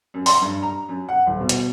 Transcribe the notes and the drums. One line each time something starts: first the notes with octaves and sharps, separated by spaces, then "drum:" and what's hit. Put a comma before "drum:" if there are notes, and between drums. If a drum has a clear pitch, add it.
F#2
C6, drum: open hi-hat
G2
A#5
F#2
F#5
D#1
B2
drum: hi-hat